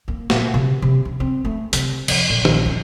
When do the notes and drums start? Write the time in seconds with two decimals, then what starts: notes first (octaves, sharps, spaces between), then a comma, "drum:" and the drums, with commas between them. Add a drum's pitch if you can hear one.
0.08 A#3
0.30 A#2, drum: snare
0.54 C3
0.82 C3
1.05 D4
1.20 C4
1.45 A3
1.73 C3, drum: hi-hat
2.08 F2, drum: cymbal
2.30 A#1
2.45 drum: tom
2.66 F2